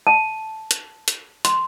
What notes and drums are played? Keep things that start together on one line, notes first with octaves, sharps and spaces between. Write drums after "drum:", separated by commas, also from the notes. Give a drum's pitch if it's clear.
A5
drum: hi-hat
drum: hi-hat
C6, drum: hi-hat